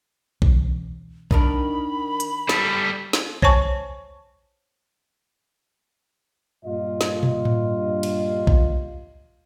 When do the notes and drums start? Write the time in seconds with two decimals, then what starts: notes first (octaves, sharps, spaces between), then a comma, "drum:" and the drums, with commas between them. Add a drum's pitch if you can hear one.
0.42 B2 E3 C#4, drum: kick B1
1.31 D#3 D4 A#4 B5, drum: kick B1
2.20 drum: hi-hat
2.49 G3 A4, drum: snare
3.13 drum: snare
3.42 C5 C#5 G#5 A5 C#6, drum: kick B1
6.65 G2 A#2 F4 D#5
7.01 drum: snare
7.23 drum: tom
7.45 drum: tom A2
8.03 drum: cymbal
8.47 drum: kick B1